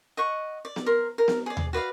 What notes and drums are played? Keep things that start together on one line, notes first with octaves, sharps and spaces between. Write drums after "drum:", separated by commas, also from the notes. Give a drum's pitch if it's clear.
D#5 F#5 C#6
D5
drum: snare B3
A#4 C6
A#4
drum: snare B3
G#4 D5
drum: tom D#2
F#4 B4 D5 F5